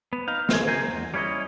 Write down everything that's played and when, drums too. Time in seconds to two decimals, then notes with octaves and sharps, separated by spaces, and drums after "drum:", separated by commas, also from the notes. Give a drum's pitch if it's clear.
0.13 B3
0.28 D#4 F5
0.49 C4 G#4, drum: snare
0.67 C#3 G#4 A#4 C5 G#5
0.87 E2
1.14 G3 C#4 E4 C#5 D#5